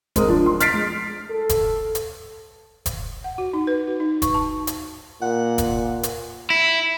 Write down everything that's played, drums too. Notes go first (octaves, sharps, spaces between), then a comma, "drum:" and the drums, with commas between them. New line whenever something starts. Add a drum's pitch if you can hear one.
G#3 C4 A#4 D#6, drum: kick F1, hi-hat
F3 D4
C6
F6 A6 B6 C7 D7, drum: hi-hat
G#3
A4
drum: kick F1, hi-hat
drum: hi-hat
drum: kick F1, hi-hat
F#5
F#4
D#4
B4
F#4
D#4
C#6, drum: kick F1, hi-hat
A5
drum: hi-hat
A#2 F#5
drum: kick F1, hi-hat
drum: hi-hat
E4